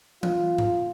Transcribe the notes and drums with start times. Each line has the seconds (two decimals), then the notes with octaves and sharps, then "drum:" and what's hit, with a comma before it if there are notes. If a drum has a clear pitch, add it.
0.23 F4, drum: tom E3
0.58 drum: tom G#2